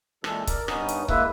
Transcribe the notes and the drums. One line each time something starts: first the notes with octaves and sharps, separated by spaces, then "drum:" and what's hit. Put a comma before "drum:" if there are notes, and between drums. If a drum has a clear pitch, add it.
A#2 E3 G#3 A4, drum: rim click
A#4 D5, drum: kick C#1, hi-hat
G2 B3 C#4 D#4 D#6, drum: rim click
drum: hi-hat
G#3 A#3 E4 B4 E5, drum: kick C#1